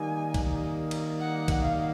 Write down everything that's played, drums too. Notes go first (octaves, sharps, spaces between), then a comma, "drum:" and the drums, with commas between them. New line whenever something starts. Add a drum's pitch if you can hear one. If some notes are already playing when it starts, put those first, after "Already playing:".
Already playing: D#3 G3 A#3 D#4 G#5
drum: kick B1, cymbal
drum: cymbal
F#5
drum: kick B1, cymbal
F5